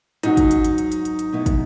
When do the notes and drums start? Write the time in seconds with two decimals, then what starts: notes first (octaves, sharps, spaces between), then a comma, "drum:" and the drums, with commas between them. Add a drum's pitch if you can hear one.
0.23 G#2 F#3 C#4 D#4 F#4, drum: hi-hat
0.37 drum: kick, hi-hat
0.51 drum: hi-hat
0.64 drum: hi-hat
0.78 drum: hi-hat
0.92 drum: hi-hat
1.05 drum: hi-hat
1.19 drum: hi-hat
1.33 B2 G#3 B3 E4
1.46 drum: kick, hi-hat